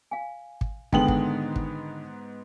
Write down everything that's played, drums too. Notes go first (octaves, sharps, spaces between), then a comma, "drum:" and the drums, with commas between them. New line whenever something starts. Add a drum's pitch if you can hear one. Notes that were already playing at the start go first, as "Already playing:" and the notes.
F5 G#5
drum: kick
G#2 D3 D#3 G#3 B3 D#4 G5 F#7, drum: kick
drum: kick
drum: kick